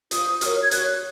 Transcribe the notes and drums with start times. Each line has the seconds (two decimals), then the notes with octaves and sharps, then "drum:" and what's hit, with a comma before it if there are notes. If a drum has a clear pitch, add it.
0.11 F4 C5 D#6, drum: hi-hat
0.41 F#4 A#4 C#5 F6, drum: hi-hat
0.61 G#6
0.71 F#4 A#4 C#5 F#6, drum: hi-hat